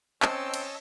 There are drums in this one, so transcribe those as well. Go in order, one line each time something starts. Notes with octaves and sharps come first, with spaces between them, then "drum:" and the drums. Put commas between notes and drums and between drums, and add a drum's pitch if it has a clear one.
C4 C#4 C#5 D#5 A5 E6, drum: clap
drum: cymbal